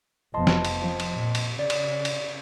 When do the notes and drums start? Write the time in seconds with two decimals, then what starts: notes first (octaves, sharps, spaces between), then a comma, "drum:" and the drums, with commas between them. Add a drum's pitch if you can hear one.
0.34 F1 F3 B3 D#5 A5 C6
0.47 drum: snare
0.65 drum: cymbal
0.80 F3 C4
1.00 drum: cymbal
1.17 A#2
1.35 drum: cymbal
1.59 C#3 D5
1.70 drum: cymbal
2.05 drum: cymbal